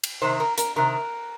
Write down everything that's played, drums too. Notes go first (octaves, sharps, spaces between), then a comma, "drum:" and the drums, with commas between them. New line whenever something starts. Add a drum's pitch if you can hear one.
drum: cymbal
C3 D#3 C5
A#4
A#4, drum: hi-hat
C3 D#3 A#4